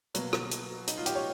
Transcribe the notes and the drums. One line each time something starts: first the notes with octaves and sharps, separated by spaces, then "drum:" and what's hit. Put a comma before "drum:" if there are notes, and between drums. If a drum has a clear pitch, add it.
B2 F#3 A#3, drum: hi-hat
drum: rim click
drum: hi-hat
D#4, drum: hi-hat
F4
G4, drum: hi-hat
C#5